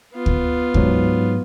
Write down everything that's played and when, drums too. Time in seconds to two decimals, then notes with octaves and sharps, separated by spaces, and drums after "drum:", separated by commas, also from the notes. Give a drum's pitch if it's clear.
0.14 B3 F4
0.26 drum: kick D2
0.74 G#2 F#3, drum: kick D2